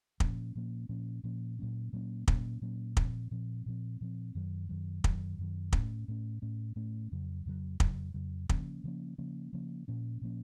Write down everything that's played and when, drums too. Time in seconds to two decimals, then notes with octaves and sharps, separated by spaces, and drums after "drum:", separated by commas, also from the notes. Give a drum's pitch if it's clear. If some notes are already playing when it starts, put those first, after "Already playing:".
0.20 A#2 F3 A#3 C#4, drum: kick
0.55 A#2 F3 A#3 C#4
0.89 A#2 F3 A#3 C#4
1.24 A#2 F3 A#3 C#4
1.59 A#2 F#3 A#3 C#4
1.93 A#2 F#3 A#3 C#4
2.28 A#2 F#3 A#3 C#4, drum: kick
2.61 A#2 F#3 A#3 C#4
2.97 A#2 F3 C4, drum: kick
3.31 A#2 F3 C4
3.66 A#2 F3 C4
4.01 A#2 F3 C4
4.35 F#2 D#3 F#3
4.69 F#2 D#3 F#3
5.04 F#2 D#3 F#3, drum: kick
5.39 F#2 D#3 F#3
5.73 A2 A3 C#4, drum: kick
6.08 A2 A3 C#4
6.42 A2 A3 C#4
6.76 A2 A3 C#4
7.12 F2 C#3 F#3
7.46 F2 C#3 F#3
7.80 F2 C#3 F#3, drum: kick
8.14 F2 C#3 F#3
8.49 C#3 F3 A#3 C#4, drum: kick
8.84 C#3 F3 A#3 C#4
9.18 C#3 F3 A#3 C#4
9.53 C#3 F3 A#3 C#4
9.88 A#2 F3 A#3 C#4
10.21 A#2 F3 A#3 C#4